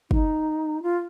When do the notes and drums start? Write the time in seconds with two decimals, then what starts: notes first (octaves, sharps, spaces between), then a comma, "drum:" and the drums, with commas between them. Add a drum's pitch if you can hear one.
0.11 D#4, drum: kick
0.83 F4